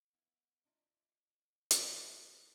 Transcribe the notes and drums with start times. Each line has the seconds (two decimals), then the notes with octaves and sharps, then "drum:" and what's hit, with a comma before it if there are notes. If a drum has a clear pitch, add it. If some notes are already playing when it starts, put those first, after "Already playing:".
0.12 B3 E4
0.64 A3 D4 D#4 F4 D#5 E5
1.71 drum: hi-hat
2.16 F4 G#4 E5 A#5